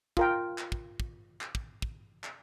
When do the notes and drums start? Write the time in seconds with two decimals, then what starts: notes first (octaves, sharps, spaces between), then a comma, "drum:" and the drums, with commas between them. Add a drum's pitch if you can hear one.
0.17 F4 A#4 G5, drum: kick
0.58 drum: clap
0.72 drum: kick
1.00 drum: kick
1.41 drum: clap
1.55 drum: kick
1.82 drum: kick
2.24 drum: clap